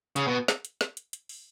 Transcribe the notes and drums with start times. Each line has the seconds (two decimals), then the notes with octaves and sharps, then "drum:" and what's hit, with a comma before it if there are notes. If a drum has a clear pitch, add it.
0.16 C#3, drum: hi-hat
0.27 B2
0.48 drum: snare
0.65 drum: hi-hat
0.81 drum: snare
0.97 drum: hi-hat
1.13 drum: hi-hat
1.29 drum: open hi-hat